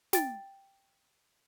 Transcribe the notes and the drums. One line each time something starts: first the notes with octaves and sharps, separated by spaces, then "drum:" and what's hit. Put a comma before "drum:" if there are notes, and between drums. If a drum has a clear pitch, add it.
G5 A6, drum: snare